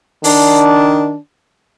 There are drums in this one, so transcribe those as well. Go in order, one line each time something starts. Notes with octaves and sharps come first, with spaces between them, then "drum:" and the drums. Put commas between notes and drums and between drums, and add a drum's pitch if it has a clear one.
D#3 D4, drum: open hi-hat